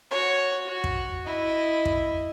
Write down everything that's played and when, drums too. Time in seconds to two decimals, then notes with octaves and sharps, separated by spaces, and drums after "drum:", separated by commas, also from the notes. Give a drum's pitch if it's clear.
0.11 F#4 C#5
0.67 F#4
0.84 drum: kick
1.26 E4 D#5
1.85 drum: kick